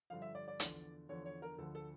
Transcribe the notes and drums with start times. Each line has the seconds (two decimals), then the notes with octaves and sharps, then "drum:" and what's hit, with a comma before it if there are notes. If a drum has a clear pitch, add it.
0.10 G2 D3 F3 F5
0.22 E5
0.35 D5
0.48 D5
0.60 E2 D3 F3, drum: hi-hat
1.09 E2 D3 F3 C#5
1.26 C#5
1.42 A#4
1.58 D2 D3 F3 A4
1.75 A4